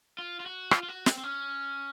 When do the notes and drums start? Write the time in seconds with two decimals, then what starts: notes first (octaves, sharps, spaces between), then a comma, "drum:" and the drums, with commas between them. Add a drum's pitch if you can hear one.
0.18 F4
0.40 F4
0.46 F#4
0.71 F4, drum: rim click
0.83 F4
0.88 F#4
1.06 C4, drum: snare
1.18 C4
1.23 C#4